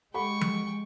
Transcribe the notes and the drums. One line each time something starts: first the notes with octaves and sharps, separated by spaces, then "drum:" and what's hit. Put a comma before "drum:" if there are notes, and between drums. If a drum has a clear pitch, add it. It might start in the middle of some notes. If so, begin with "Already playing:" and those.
G#3 G4 A4 F#5 G5 B5 C#6
drum: tom F3